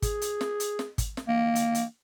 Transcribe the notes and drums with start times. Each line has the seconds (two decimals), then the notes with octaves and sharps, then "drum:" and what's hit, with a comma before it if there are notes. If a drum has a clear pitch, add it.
0.02 G#4, drum: kick, hi-hat
0.22 drum: hi-hat
0.41 drum: snare
0.60 drum: hi-hat
0.79 drum: snare
0.98 drum: kick, hi-hat
1.17 drum: snare
1.28 A#3
1.55 drum: hi-hat
1.75 drum: hi-hat